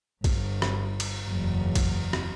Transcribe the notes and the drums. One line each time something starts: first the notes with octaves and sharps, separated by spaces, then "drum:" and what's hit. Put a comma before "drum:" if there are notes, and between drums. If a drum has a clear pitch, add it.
G1, drum: kick, cymbal
drum: rim click
drum: cymbal
F#1 E2
drum: kick, cymbal
drum: rim click